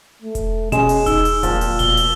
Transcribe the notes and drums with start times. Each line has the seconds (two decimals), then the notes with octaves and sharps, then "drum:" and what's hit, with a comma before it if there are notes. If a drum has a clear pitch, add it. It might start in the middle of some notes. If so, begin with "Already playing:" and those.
0.23 A3
0.35 drum: kick E1, hi-hat
0.72 B2 G#3 C#4 E7, drum: kick E1, hi-hat
0.89 drum: open hi-hat
1.06 D#4 E6, drum: kick E1, hi-hat
1.25 drum: open hi-hat
1.43 D1 A#2 F3 G5, drum: kick E1, hi-hat
1.61 drum: open hi-hat
1.79 B2 G7, drum: kick E1, hi-hat
1.97 drum: open hi-hat